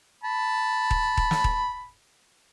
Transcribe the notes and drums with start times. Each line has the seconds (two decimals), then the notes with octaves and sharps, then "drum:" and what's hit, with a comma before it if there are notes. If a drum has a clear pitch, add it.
0.23 A5 B5
0.91 drum: kick D#1
1.17 drum: kick D#1
1.31 drum: snare
1.44 drum: kick D#1